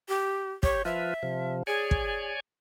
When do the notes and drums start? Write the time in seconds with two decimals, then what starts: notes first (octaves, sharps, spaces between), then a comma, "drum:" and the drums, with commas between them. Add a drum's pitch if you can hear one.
0.09 G4
0.63 G4 C#5, drum: kick
0.85 F3 F4 B4 E5
1.23 C3 F3
1.67 G#4 C#5 D5 G#5
1.91 drum: kick